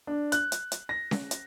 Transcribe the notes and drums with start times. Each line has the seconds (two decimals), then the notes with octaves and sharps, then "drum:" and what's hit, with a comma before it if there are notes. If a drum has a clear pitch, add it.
0.07 D4
0.32 F#6, drum: hi-hat
0.52 drum: hi-hat
0.72 drum: hi-hat
0.89 A#6
1.11 drum: snare C#4
1.31 drum: hi-hat